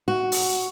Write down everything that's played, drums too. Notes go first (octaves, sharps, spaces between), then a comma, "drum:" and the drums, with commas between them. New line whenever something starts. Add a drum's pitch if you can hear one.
F#4
drum: open hi-hat